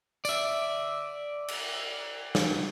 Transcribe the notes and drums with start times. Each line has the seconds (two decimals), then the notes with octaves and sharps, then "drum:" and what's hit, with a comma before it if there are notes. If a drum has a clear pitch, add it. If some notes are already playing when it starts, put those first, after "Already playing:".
0.25 D5 E5, drum: tambourine
1.48 drum: cymbal
2.35 drum: snare